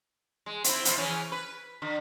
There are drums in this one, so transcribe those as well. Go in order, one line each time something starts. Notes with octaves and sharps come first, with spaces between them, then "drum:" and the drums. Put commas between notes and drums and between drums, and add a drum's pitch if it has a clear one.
G#3
C4 E4, drum: hi-hat
B2 F3 E4, drum: hi-hat
C#3 E3 C#4
B4
D3